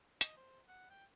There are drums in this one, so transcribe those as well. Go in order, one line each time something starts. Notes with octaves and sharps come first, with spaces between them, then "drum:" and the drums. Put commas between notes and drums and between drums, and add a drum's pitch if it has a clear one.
D#5, drum: hi-hat
C5
F#5
G5